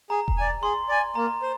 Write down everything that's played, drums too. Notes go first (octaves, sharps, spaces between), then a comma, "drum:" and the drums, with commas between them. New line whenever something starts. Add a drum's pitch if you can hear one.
G#4 A#5
drum: kick E1
D5 G#5
G#4 C6
D5 G#5
A#3 A#5
C5